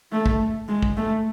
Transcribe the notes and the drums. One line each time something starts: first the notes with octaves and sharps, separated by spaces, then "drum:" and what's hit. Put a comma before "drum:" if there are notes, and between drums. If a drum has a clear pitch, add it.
A3
drum: kick
G#3
drum: kick
A3